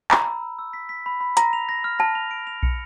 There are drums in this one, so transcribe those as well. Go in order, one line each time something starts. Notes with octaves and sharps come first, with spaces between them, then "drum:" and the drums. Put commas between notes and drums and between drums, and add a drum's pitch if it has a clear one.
A#5 B5, drum: clap
E6
E6
E6
B6
B6
B5
B5
A#5 A#6, drum: hi-hat
F7
A#6
F6
A5 A#6
F7
D7
F7
C#7, drum: kick